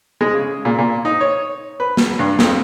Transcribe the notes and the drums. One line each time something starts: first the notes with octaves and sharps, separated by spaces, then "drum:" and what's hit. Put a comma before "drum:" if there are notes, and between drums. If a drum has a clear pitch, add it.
G#3
C#3
A#2
A#2
D#4
C#5
B4
drum: snare
G2
F2, drum: snare